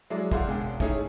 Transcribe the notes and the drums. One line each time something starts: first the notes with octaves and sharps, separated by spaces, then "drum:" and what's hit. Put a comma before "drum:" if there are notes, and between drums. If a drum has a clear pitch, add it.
F#3 G#3 E4 G#4 D5
E4 G#4 C5 D5 F5 F#5, drum: kick
E1 C#3 G#3 D4 G5
A3 C#4 D#4 E4 G#4, drum: kick